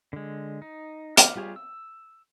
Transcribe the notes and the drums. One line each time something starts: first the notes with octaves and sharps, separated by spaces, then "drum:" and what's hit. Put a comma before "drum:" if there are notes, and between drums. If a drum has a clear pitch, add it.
D3 G#3
D#4
F#5 D6 F6, drum: hi-hat
G3 F4 G4 G#4 C#5
E6